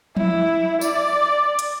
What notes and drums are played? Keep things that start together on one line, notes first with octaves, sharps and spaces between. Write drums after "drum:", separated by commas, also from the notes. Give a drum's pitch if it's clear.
E4, drum: tom F3
D5, drum: tambourine
drum: hi-hat